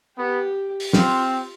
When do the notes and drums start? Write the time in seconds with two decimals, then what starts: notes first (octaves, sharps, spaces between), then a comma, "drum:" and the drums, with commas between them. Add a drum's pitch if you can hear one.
0.18 B3 G4
0.80 drum: open hi-hat
0.93 C4 F4, drum: snare